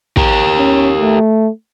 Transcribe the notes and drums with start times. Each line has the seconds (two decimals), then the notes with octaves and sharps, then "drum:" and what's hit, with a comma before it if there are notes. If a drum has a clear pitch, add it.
0.17 G4 A#4, drum: kick
0.58 C#4
1.00 A3